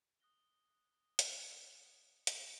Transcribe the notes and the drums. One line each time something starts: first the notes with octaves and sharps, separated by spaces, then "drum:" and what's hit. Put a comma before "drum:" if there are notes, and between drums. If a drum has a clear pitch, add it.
D#6 F#6 A#6 G7
drum: hi-hat
drum: hi-hat